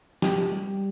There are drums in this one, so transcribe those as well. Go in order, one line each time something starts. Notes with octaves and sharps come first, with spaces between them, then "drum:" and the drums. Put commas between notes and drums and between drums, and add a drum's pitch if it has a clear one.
G4, drum: snare
G3